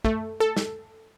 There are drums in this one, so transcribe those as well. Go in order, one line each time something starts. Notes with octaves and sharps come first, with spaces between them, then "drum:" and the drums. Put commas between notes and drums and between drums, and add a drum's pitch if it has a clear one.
A3, drum: kick
A4
drum: snare